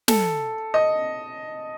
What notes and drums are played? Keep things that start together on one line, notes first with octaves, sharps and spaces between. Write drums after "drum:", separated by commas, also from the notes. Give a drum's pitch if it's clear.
A4, drum: snare
D#5